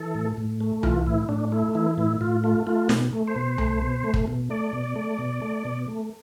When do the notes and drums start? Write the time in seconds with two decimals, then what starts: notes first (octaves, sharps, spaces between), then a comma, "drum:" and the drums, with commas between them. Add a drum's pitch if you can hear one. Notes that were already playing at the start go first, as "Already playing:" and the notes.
Already playing: E3 A4
0.15 A2
0.37 A2
0.60 A3
0.83 E3 F4, drum: tom C2
1.06 A2 E4
1.29 A2 D4
1.52 A3 E4
1.75 E3 E4
1.97 A2 E4
2.21 A2 F4
2.44 A3 F4
2.67 A3 F4
2.89 B2, drum: snare
3.13 A3
3.28 C5
3.36 B2
3.58 A3, drum: tom C2
3.82 B2
4.04 A3
4.14 drum: kick
4.28 B2
4.50 A3 D5
4.73 B2
4.96 A3
5.19 B2
5.42 A3
5.65 B2
5.88 A3